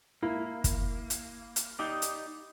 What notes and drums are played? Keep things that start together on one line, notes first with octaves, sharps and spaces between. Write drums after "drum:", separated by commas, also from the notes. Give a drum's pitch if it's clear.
A#3 E4
drum: kick, hi-hat
drum: hi-hat
drum: hi-hat
D#4 G4 D5
drum: hi-hat